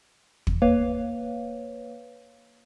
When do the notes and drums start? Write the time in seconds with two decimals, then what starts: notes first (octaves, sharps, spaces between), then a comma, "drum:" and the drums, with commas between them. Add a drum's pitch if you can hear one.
0.47 drum: kick
0.62 A#3 B4 C#5 F5